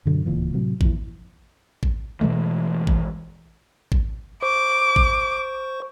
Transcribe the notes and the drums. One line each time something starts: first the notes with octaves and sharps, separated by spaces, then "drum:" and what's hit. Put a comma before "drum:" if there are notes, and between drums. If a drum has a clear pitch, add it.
F#2 B2 D3 F#3
D1 C#2 A#2 E3
A2 C3 F#3
F2 A#2 E3, drum: kick G#1
drum: kick G#1
B2 E3 G#3 A3
drum: kick G#1
drum: kick G#1
C5 C#6 D6
drum: kick G#1